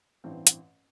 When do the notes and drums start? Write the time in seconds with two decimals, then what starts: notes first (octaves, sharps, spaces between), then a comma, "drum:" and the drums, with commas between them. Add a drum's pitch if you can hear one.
0.24 A1 G2 E3 C4
0.47 drum: hi-hat